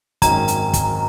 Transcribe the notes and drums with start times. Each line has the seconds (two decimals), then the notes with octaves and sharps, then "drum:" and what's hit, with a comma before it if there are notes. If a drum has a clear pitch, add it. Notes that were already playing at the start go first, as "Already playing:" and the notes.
0.22 G#1 F#2 D#3 G#3 C#4 A#5, drum: kick, hi-hat
0.48 drum: hi-hat
0.73 drum: kick, hi-hat